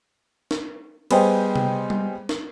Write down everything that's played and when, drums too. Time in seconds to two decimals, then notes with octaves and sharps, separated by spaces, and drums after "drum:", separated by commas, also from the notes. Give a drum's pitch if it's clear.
0.51 drum: snare
1.11 G3 B3 G#4 C5 D#5 G5, drum: cymbal
1.56 drum: tom C3
1.90 drum: tom G3
2.29 drum: snare